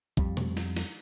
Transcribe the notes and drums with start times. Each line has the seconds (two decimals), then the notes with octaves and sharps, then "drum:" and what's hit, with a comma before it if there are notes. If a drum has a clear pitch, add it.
0.17 F2 G3, drum: kick A#1
0.37 drum: tom B2
0.57 drum: snare
0.77 drum: snare